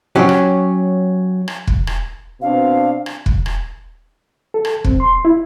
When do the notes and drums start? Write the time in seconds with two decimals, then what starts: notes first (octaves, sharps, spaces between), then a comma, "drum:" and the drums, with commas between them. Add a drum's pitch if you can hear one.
0.16 F#3 C#4 G4
0.29 drum: rim click
1.48 drum: rim click
1.67 drum: kick
1.87 drum: rim click
2.42 B2 C4 D4 F5
3.06 drum: rim click
3.26 drum: kick
3.46 drum: rim click
4.54 A4
4.65 drum: rim click
4.84 C4, drum: kick
5.00 C6
5.25 E4